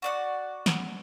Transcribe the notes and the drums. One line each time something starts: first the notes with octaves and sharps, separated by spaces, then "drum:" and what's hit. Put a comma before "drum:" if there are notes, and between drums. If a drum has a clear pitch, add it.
F#4 D5 F#5
drum: snare